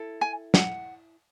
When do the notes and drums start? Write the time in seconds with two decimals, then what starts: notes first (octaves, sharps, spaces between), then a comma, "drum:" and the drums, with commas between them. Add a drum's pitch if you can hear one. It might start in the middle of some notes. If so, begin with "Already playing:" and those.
Already playing: E4 A4
0.21 G#5
0.54 F#5, drum: snare